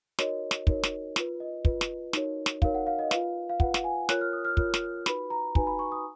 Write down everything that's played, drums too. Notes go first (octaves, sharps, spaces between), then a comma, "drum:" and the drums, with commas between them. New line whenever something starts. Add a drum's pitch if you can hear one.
D#4 F#4 A#4 C#5 D#5, drum: snare
drum: snare
D#4 F#4 A#4 C#5, drum: kick
drum: snare
F4 B4, drum: snare
D#5
F4 B4, drum: kick
drum: snare
D#4 F#4 A#4 C#5, drum: snare
drum: snare
D#4 F#4 A#4 C#5 F5, drum: kick
F#5
F5
D#5
F4 B4 F5, drum: snare
F5
F4 B4 F#5, drum: kick
F#5, drum: snare
G#5
F4 A#4 C#5 F#6, drum: snare
F6
D#6
F6
F4 A#4 C#5, drum: kick
drum: snare
D#4 F#4 B4 B5, drum: snare
A#5
D#4 F#4 B4 G#5, drum: kick
B5
C#6
D#6